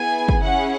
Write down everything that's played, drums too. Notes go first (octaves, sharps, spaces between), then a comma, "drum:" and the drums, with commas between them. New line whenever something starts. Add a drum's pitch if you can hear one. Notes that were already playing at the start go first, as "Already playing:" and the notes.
Already playing: B3 E4 G#4 G#5
drum: kick
C#4 E4 G#4 F#5